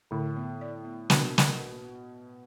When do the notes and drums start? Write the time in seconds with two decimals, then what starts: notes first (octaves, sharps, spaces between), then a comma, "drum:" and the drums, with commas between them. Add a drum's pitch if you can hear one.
0.11 A2 D3
0.36 B3
0.61 D5
0.85 B3
1.10 B2 D4, drum: snare
1.38 drum: snare